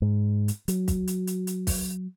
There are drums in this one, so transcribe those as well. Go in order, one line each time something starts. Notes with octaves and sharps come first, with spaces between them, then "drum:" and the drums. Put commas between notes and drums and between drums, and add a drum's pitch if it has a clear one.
G#2
drum: hi-hat
F#3, drum: hi-hat
drum: kick, hi-hat
drum: hi-hat
drum: hi-hat
drum: hi-hat
drum: kick, open hi-hat